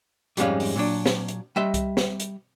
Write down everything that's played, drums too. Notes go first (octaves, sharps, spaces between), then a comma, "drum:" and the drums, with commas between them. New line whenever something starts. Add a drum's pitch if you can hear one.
F2 G#2 G3 G#3 C#4 F5, drum: hi-hat
drum: open hi-hat
A#2 F#3 D4
drum: snare
drum: hi-hat
G3 D#5 E5 C6
drum: kick C2, hi-hat
drum: snare
drum: hi-hat